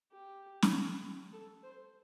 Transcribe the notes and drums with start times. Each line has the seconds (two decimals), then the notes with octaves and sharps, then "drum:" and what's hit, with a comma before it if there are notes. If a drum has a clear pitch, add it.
0.12 G4
0.62 drum: snare
1.33 A4
1.63 C5